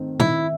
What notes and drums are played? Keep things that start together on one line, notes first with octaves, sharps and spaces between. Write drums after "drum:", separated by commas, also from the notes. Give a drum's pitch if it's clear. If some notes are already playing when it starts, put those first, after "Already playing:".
Already playing: D#3 A3 C4
D#3 E4, drum: tom